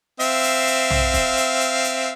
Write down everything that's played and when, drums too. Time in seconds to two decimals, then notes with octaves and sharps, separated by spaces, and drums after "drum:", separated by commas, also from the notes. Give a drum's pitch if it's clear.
0.20 C4 E5 F5, drum: hi-hat
0.44 drum: hi-hat
0.67 drum: hi-hat
0.90 drum: tom
1.14 drum: kick, hi-hat
1.37 drum: hi-hat
1.61 drum: hi-hat
1.84 drum: hi-hat